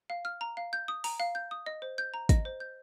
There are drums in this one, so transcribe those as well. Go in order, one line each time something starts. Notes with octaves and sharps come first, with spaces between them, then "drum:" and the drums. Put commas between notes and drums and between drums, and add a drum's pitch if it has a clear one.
F5
F6
A#5
F5
G6
D#6
A#5, drum: open hi-hat
F5
G6
D#6
D#5
C5
G6
A#5
D#5, drum: kick, hi-hat
C5
G6